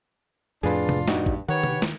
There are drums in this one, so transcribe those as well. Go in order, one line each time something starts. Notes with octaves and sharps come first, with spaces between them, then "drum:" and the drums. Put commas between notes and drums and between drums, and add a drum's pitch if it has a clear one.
F2 A2 D4 F4 G#4 B4
drum: tom C3
G2 D#4 F#4 D5, drum: snare
drum: kick
D#3 G4 B4 C#5 F#5
drum: tom C3
drum: snare